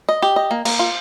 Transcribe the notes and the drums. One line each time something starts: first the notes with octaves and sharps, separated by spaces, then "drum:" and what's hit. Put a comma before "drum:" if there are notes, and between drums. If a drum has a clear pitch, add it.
D#5
G4
D#5
A#3
A#3, drum: cymbal
F4